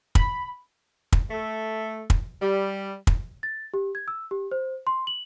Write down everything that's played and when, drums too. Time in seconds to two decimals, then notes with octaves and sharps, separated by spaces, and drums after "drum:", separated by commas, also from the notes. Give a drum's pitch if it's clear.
0.15 B5, drum: kick
1.12 drum: kick
1.30 A3
2.10 drum: kick
2.41 G3
3.07 drum: kick
3.43 A6
3.74 G4
3.95 G#6
4.08 E6
4.31 G4
4.51 C5
4.87 C6
5.07 F#7